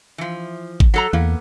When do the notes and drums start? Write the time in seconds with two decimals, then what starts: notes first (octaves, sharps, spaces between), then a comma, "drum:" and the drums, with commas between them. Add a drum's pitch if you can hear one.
0.18 E3 F3
0.80 drum: kick G#1
0.94 F#3 A4 A#5
1.13 E2 A#3 B3